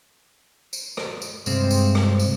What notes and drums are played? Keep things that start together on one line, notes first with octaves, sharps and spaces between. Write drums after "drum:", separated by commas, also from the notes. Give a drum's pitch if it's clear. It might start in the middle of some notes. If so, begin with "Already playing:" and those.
drum: tambourine
drum: rim click
drum: tambourine
G2 C3 G#3 C4, drum: tambourine
drum: tambourine
drum: rim click
drum: tambourine